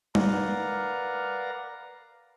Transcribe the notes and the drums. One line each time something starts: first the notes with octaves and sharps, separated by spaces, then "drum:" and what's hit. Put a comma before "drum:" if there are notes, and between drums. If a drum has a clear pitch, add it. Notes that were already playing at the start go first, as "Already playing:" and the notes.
A#4 B4 D5 F5 F#5 A#5, drum: tom G3